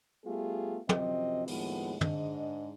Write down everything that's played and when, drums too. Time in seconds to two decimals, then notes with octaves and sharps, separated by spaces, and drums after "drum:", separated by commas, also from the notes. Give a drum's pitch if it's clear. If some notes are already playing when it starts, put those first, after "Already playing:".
0.25 G3 A3 B3 F4 G4 G#4
0.89 F#2 C3 F3 C4 D#5, drum: tom
1.47 D#2 A2 F3 G#3 B3, drum: open hi-hat
2.01 G#2 D4 D#5, drum: tom